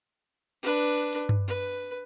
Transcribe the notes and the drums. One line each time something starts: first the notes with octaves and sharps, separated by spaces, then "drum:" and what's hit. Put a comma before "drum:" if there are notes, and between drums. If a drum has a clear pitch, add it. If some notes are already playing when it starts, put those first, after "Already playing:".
D4 B4
drum: hi-hat
drum: tom G2
B4